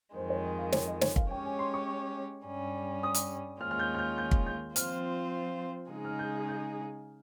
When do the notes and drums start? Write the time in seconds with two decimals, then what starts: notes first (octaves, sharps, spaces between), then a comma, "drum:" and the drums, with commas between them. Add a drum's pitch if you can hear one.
0.15 F2 D#3 G#3 C5
0.30 C#5
0.44 D#5
0.58 F5
0.72 C#5, drum: snare
0.87 D#5
1.01 C#5, drum: snare
1.16 F5, drum: kick
1.30 G#3 C#4 G4 C#5 G5
1.45 G#5
1.59 C6
1.74 C#6
2.46 G2 G3 C#4
3.03 D#6
3.14 drum: hi-hat
3.61 D#2 D#3 G#3 C#4 F4 F6
3.71 F6
3.79 G6
3.95 F6
3.98 G6
4.18 G6
4.31 drum: kick
4.46 G6
4.76 F3 C4 F4 C5 F6, drum: hi-hat
5.90 C#3 G#3 D#4 G#4
6.05 F6
6.19 G6
6.48 G6